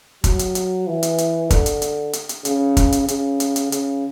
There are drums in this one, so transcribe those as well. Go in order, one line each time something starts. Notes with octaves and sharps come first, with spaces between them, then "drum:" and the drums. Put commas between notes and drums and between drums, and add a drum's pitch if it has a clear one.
F#3, drum: kick, hi-hat
drum: hi-hat
drum: hi-hat
E3
drum: hi-hat
drum: hi-hat
D3, drum: kick, hi-hat
drum: hi-hat
drum: hi-hat
drum: hi-hat
drum: hi-hat
C#3, drum: hi-hat
drum: kick, hi-hat
drum: hi-hat
C#3, drum: hi-hat
drum: hi-hat
drum: hi-hat
C#3, drum: hi-hat